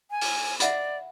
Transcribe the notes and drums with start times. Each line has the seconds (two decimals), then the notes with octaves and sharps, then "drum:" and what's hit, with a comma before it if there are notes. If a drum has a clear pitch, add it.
0.11 G#5
0.21 drum: open hi-hat
0.60 D5 E5 F#5 B5, drum: hi-hat